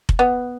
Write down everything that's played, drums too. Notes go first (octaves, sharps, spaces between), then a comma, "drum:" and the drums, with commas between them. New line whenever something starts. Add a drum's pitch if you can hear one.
drum: kick F1
B3